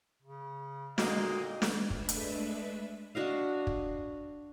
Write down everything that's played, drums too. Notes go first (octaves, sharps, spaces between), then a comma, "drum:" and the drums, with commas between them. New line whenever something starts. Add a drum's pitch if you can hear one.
C#3
A#2 D3 G#3 A#3 D#4 F#4 G4 D#5, drum: snare
drum: snare
G#3 A3 D4 B4 E5, drum: kick
drum: hi-hat
D4 F#4 D#5 F5
drum: kick